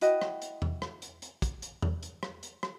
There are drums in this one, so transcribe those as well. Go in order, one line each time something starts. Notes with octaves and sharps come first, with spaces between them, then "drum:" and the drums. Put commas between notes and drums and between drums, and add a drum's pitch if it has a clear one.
E4 F#4 D#5 G5, drum: hi-hat
drum: rim click
drum: hi-hat
drum: tom E2
drum: rim click
drum: hi-hat
drum: hi-hat
drum: kick, hi-hat
drum: hi-hat
drum: tom E2
drum: hi-hat
drum: rim click
drum: hi-hat
drum: rim click